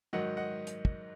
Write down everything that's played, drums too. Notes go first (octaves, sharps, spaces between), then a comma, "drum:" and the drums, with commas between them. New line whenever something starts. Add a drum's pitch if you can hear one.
G#2 D#3 F#3 D#5 F#5
D#5 F#5
drum: hi-hat
drum: kick